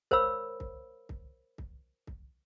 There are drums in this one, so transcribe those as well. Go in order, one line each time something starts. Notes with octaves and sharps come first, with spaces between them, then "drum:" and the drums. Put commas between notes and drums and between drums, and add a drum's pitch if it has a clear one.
A#4 C5 C#5 F5 B5 E6, drum: kick C2
drum: kick C2
drum: kick C2
drum: kick C2
drum: kick C2